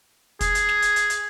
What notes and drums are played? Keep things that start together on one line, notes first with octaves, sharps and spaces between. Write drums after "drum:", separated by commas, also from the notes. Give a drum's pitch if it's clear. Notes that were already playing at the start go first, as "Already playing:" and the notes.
G#4, drum: kick, hi-hat
drum: hi-hat
drum: snare
drum: hi-hat
drum: hi-hat
drum: hi-hat